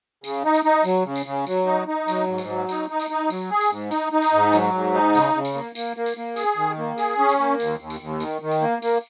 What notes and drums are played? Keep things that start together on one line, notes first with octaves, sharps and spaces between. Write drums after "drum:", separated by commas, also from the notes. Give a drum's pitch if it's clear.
C#3, drum: tambourine
D#4
drum: tambourine
D#4
F#3, drum: tambourine
C#3
drum: tambourine
C#3
F#3, drum: tambourine
D#4
D#4
F#3, drum: tambourine
G#2
drum: tambourine
F#3
D#4, drum: tambourine
D#4
drum: tambourine
D#4
F#3, drum: tambourine
G#4
drum: tambourine
G#2
D#4, drum: tambourine
D#4
drum: tambourine
G#2
F#3, drum: tambourine
G#2
D#4
C#3, drum: tambourine
C#3
drum: tambourine
A#3
A#3, drum: tambourine
A#3
drum: tambourine
A#3
G#4, drum: tambourine
D#3
A#3
G#4, drum: tambourine
C#4
drum: tambourine
A#3
D#2, drum: tambourine
D#2
drum: tambourine
D#2
D#3, drum: tambourine
D#3
drum: tambourine
A#3
A#3, drum: tambourine